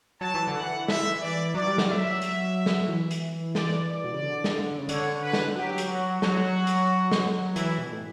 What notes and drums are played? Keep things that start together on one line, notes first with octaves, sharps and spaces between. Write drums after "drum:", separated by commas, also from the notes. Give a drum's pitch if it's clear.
F#3 A5
E3
D3
F#5
E3
E5, drum: snare
D5
F#3 D5
G3
F#3, drum: snare
E5
drum: hi-hat
drum: snare
E3
drum: hi-hat
D5, drum: snare
D5
B2
C#3
D3
drum: snare
C#3
D3 C#5, drum: hi-hat
B4
drum: snare
F#3 G4
drum: hi-hat
F#4
F#3 F#4, drum: snare
drum: hi-hat
drum: snare
E3 E4, drum: hi-hat
B2
A2